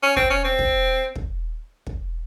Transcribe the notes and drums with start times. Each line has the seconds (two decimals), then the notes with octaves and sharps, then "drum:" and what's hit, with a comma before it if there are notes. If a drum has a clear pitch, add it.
0.03 C#4
0.16 C4, drum: kick
0.30 C#4
0.44 C4
0.59 drum: kick
1.16 drum: kick
1.87 drum: kick